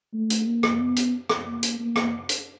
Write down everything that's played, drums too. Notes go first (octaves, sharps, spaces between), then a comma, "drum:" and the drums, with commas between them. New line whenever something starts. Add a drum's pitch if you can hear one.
A3
drum: hi-hat
A#3
drum: rim click
B3
drum: hi-hat
drum: rim click
A#3
drum: hi-hat
A#3
drum: rim click
drum: hi-hat